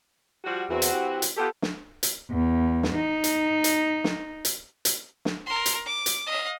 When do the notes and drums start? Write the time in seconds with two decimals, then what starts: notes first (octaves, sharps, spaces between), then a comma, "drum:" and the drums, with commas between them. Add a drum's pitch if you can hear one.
0.45 F3 G3 F#4
0.69 E2 E3 C4 F#4
0.82 drum: hi-hat
0.93 G4
1.22 drum: hi-hat
1.37 B3 F4 G4 A4
1.62 drum: snare
2.03 drum: hi-hat
2.29 E2
2.83 drum: snare
2.94 D#4
3.24 drum: hi-hat
3.64 drum: hi-hat
4.04 drum: snare
4.45 drum: hi-hat
4.85 drum: hi-hat
5.25 drum: snare
5.46 A#4 C6
5.66 drum: hi-hat
5.86 D6
6.06 drum: hi-hat
6.26 D#5 F5